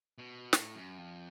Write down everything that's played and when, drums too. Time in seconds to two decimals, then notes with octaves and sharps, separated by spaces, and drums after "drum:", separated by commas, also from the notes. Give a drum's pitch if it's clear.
0.18 B2
0.53 A2, drum: snare
0.75 F#2
0.98 F2